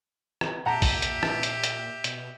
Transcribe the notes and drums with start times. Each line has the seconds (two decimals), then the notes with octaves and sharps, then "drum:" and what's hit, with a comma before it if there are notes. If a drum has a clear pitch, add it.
0.41 drum: rim click
0.66 A#2 G4 E5 F#5 A5 A#5
0.82 drum: kick, open hi-hat
1.02 drum: hi-hat
1.23 drum: rim click
1.43 drum: hi-hat
1.64 drum: hi-hat
2.04 B2, drum: hi-hat